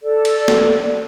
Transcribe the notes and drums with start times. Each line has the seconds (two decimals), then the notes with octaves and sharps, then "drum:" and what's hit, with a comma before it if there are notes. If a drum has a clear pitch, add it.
0.02 A4 D5
0.25 drum: cymbal
0.48 drum: snare